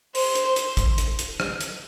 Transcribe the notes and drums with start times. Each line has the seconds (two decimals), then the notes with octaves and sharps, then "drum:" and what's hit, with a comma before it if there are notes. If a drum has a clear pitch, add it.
0.15 C5, drum: open hi-hat
0.35 drum: hi-hat
0.46 C5
0.56 drum: hi-hat
0.77 drum: kick, hi-hat
0.98 drum: hi-hat
1.19 drum: hi-hat
1.40 drum: rim click
1.61 drum: hi-hat